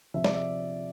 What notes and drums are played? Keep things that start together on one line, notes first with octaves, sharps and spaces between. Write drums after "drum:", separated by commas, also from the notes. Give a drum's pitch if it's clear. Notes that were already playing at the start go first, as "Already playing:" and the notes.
C3 F3 E5
D5, drum: snare
E5